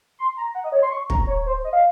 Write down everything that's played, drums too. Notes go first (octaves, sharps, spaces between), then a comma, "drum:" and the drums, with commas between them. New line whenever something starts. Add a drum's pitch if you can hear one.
C6
A#5
F#5
D#5
C#5
C6
C#6
A#5, drum: kick
C#5
C5
D#5
F5